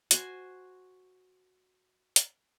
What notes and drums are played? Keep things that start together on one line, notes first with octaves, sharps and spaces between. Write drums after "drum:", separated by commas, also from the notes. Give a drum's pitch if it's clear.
F#4 C5 G#5, drum: hi-hat
drum: hi-hat